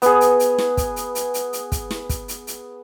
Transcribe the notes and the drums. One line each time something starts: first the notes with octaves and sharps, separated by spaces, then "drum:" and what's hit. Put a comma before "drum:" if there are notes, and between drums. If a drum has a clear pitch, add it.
B3 G#4, drum: hi-hat
drum: hi-hat
drum: hi-hat
drum: snare
drum: kick, hi-hat
drum: hi-hat
drum: hi-hat
drum: hi-hat
drum: hi-hat
drum: kick, hi-hat
drum: snare
drum: kick, hi-hat
drum: hi-hat
drum: hi-hat